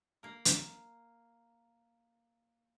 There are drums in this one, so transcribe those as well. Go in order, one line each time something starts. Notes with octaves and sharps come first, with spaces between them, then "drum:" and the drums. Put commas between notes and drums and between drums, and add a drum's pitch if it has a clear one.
A#3 A#4
drum: hi-hat